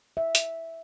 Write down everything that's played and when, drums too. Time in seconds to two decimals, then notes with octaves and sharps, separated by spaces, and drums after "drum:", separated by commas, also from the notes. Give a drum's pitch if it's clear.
0.17 E5
0.35 drum: hi-hat